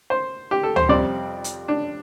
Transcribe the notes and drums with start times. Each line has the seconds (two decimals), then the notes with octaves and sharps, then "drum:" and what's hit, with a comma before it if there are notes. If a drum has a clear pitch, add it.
0.10 C5
0.51 G4
0.63 A4
0.76 C5, drum: tom D2
0.89 F2 C3 G3 C4 D5
1.44 drum: hi-hat
1.68 D4